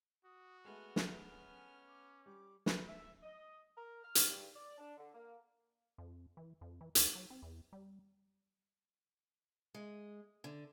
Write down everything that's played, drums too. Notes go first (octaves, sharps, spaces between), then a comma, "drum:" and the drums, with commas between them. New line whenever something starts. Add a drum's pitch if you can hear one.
F#4 D#6
G#3 A3 B3 G#5 F6
E5, drum: snare
C#4 G#5
D6
G3 D6
B4, drum: snare
E5
D#5
A#4
F6
drum: hi-hat
G2
D5
D4
D3
A#3
F2
E3
F2
E3
D2, drum: hi-hat
F#3
C4
E2
G3
G#3
D3